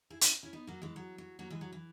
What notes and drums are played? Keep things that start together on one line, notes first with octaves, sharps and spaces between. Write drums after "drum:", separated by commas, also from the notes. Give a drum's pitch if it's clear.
E4 G#4
C#4 E4, drum: hi-hat
C#4 E4
B3 D#4
F#3 A#3
E3 G#3
F#3
F#3
F#3 A#3
E3 G#3
F#3
E3